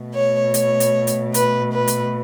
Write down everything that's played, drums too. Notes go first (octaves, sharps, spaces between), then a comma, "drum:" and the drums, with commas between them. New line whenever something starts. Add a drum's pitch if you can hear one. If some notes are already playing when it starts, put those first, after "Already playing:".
Already playing: B2 A3
C#5
C#5, drum: hi-hat
drum: hi-hat
drum: hi-hat
B4, drum: hi-hat
B4
drum: hi-hat